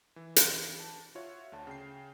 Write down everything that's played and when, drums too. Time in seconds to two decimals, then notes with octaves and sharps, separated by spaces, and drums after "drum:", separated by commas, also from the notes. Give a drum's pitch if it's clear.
0.16 E3
0.36 drum: hi-hat
0.80 A5
1.15 F4 F#4 C#5 E5
1.52 D2 D3 A5
1.67 C#3 G5 C7